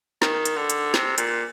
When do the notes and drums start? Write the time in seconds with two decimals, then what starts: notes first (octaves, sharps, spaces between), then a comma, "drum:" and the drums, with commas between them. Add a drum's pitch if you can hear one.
0.22 D#3, drum: snare
0.45 drum: hi-hat
0.57 D3
0.70 drum: hi-hat
0.94 C3, drum: snare
1.18 A#2, drum: hi-hat